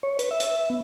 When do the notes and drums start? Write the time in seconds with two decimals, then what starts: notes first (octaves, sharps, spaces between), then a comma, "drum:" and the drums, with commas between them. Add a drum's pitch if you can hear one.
0.03 C#5
0.19 B4, drum: hi-hat
0.31 E5
0.40 drum: hi-hat
0.70 B3